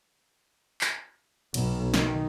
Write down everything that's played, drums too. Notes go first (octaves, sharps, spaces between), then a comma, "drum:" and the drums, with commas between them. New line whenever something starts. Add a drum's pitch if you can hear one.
drum: clap
B1, drum: cymbal
D#3, drum: snare